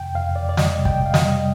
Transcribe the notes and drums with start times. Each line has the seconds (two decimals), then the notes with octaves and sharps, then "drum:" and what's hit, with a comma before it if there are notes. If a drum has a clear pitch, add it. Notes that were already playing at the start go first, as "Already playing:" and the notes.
Already playing: F2 C3 G5
0.15 F2 F5
0.36 F2 D5
0.49 D5
0.57 G3 D#5, drum: snare
0.78 C3
0.85 G5, drum: kick
1.00 C3
1.06 F5
1.14 D#5, drum: snare
1.21 G3